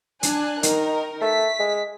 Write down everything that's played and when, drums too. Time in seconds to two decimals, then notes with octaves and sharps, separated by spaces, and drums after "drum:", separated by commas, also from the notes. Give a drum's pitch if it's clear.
0.23 D4 G#5 F#6, drum: hi-hat
0.63 D#3 D#4 A#4, drum: hi-hat
1.21 A3 B6
1.59 G#3